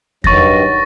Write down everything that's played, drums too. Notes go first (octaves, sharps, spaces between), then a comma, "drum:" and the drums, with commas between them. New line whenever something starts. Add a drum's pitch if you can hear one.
G2 D#3 F#3 C#6 A6 A#6, drum: kick E2